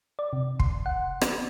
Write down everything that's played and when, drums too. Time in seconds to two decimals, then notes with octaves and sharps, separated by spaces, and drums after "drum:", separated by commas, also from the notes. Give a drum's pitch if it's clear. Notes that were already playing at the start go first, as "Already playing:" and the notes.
0.19 D5
0.33 C3
0.60 C6, drum: kick
0.86 F#5
1.21 B3, drum: rim click